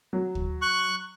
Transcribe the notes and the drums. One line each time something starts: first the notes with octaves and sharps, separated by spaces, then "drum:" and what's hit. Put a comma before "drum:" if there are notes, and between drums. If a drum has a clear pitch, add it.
F#3
drum: kick
C#6 F#6